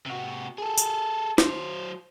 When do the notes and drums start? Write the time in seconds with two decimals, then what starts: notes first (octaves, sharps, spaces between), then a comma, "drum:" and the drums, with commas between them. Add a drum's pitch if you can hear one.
0.06 C3 F#4
0.58 G#4 A4
0.78 drum: tambourine
1.38 F#3 C5, drum: snare